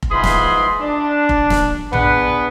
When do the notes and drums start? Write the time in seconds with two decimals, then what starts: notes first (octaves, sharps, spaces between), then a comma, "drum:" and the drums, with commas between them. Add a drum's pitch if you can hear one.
0.02 drum: kick F1
0.12 G#2 E3 F3 G#4 B5 C6
0.24 drum: snare
0.81 D4
1.29 drum: kick F1
1.50 drum: snare
1.93 B3 D4 G#4 B4, drum: tom A#1